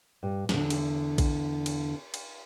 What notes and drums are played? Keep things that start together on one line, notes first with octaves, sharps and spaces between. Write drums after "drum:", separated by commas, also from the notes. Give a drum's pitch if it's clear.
G2
E2 D3, drum: snare
drum: cymbal
drum: kick A#1, cymbal
drum: cymbal
drum: cymbal